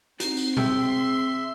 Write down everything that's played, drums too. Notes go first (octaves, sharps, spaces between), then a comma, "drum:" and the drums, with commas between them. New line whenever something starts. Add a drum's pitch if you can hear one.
C4 D#4 F#4 C7, drum: hi-hat
drum: tambourine
G#4 E5 G5 C6, drum: tom